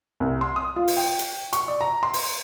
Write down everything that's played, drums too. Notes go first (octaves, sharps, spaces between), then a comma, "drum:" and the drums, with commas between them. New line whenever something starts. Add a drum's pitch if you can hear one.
C2
C6
D#6
F4
drum: open hi-hat
G5
drum: hi-hat
C#6, drum: hi-hat
D5
A#5
C6
drum: open hi-hat